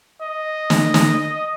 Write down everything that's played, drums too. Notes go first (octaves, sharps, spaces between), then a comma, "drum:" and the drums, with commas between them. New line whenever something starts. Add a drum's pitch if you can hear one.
D#5
drum: snare
drum: snare